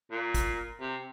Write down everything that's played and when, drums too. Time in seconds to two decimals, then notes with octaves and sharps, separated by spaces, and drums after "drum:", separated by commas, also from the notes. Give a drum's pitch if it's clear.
0.11 A#2
0.34 drum: kick G#1, hi-hat
0.81 C3